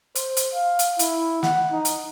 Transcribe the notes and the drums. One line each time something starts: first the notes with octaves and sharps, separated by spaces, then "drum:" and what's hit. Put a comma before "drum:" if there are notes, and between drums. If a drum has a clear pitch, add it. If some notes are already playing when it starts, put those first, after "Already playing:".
C5, drum: hi-hat
drum: hi-hat
F5
drum: hi-hat
E4, drum: hi-hat
F#5, drum: snare
D#4
drum: hi-hat